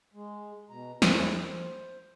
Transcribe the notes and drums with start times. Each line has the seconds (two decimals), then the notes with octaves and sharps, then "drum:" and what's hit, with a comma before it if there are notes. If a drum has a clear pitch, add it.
0.14 G#3
0.70 B2 A#5
1.02 F2 G#3 A3 C4 E4 A#4, drum: snare
1.42 C5